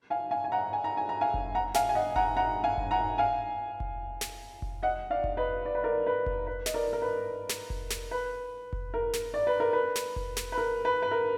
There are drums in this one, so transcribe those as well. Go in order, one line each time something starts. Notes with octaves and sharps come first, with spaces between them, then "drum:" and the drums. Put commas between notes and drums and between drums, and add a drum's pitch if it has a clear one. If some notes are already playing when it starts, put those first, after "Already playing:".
F5 G#5
F5 G#5
G#5
F#5 A#5
G#5
A#5
G#5
A#5
F5 G#5
drum: kick F1
F#5 A#5
F5 G#5, drum: snare
G#5
D#5 F#5
F#5 A#5, drum: kick F1
F#5 A#5
F5 G#5
drum: kick F1
F#5 A#5
F5 G#5
drum: kick F1
drum: snare
drum: kick F1
D#5 F#5
D5 F5
drum: kick F1
B4 D#5
D5
B4
A#4 D5
B4
drum: kick F1
B4
D#5, drum: snare
A#4 D5
A#4
B4
drum: snare
drum: kick F1
drum: snare
B4
drum: kick F1
A#4
drum: snare
D5
B4
A#4
B4
drum: snare
drum: kick F1
drum: snare
B4
A#4
B4
B4
A#4